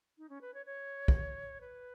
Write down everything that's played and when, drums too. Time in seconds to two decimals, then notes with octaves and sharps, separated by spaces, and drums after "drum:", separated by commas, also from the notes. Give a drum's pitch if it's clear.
0.18 D#4
0.29 C#4
0.41 B4
0.54 C#5
0.66 C#5
1.08 drum: kick
1.61 B4